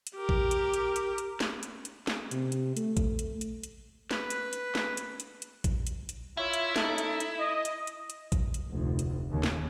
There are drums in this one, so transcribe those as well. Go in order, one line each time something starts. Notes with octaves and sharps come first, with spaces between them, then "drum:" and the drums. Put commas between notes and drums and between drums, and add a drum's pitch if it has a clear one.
drum: hi-hat
G4 A#4
drum: kick
drum: hi-hat
drum: hi-hat
drum: hi-hat
drum: hi-hat
drum: snare
drum: hi-hat
drum: hi-hat
drum: snare
C3, drum: hi-hat
drum: hi-hat
A3, drum: hi-hat
drum: kick, hi-hat
drum: hi-hat
drum: hi-hat
drum: hi-hat
B4, drum: snare
drum: hi-hat
drum: hi-hat
drum: snare
drum: hi-hat
drum: hi-hat
drum: hi-hat
drum: kick, hi-hat
drum: hi-hat
drum: hi-hat
E4 F4 C#5 E5
drum: hi-hat
D#4 A4, drum: snare
drum: hi-hat
drum: hi-hat
D#5
drum: hi-hat
drum: hi-hat
drum: hi-hat
drum: kick, hi-hat
drum: hi-hat
F1 D2
drum: hi-hat
D#2 C#3
drum: snare